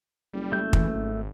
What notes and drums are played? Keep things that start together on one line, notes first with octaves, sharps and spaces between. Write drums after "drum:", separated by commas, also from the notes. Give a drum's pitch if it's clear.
F#1 G3
A3 G6
E3, drum: kick
G#1